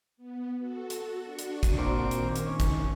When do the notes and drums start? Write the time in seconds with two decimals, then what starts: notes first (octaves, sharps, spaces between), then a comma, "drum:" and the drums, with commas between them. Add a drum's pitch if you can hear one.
0.17 B3
0.58 F#4 A4
0.90 drum: hi-hat
1.22 D4 F#4 C#6
1.39 drum: hi-hat
1.63 drum: kick, hi-hat
1.78 A#2 C4 D6
2.11 D#3, drum: hi-hat
2.36 drum: hi-hat
2.46 C#4
2.60 drum: kick, hi-hat